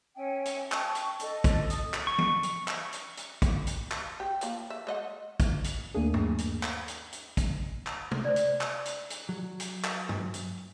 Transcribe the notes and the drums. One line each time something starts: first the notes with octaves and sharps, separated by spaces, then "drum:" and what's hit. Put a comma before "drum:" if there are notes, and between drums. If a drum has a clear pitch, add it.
C#4 E5 G5 G#5
drum: hi-hat
G5 A5 C#6, drum: clap
drum: hi-hat
A4 D#5, drum: hi-hat
drum: kick, hi-hat
D#6, drum: hi-hat
drum: clap
C#6
drum: tom
drum: hi-hat
drum: clap
drum: hi-hat
drum: hi-hat
drum: kick, hi-hat
drum: hi-hat
drum: clap
G4
F3 A#3, drum: hi-hat
E5
G#3 D#5 F#5
drum: kick, hi-hat
drum: hi-hat
D#2 A3 A#3 D4 G#4 D#7
drum: tom G2
drum: hi-hat
drum: clap
drum: hi-hat
drum: hi-hat
drum: kick, hi-hat
drum: clap
drum: tom C3
C5 D5
drum: hi-hat
drum: clap
drum: hi-hat
drum: hi-hat
F#3
drum: hi-hat
drum: clap
drum: tom G2
drum: hi-hat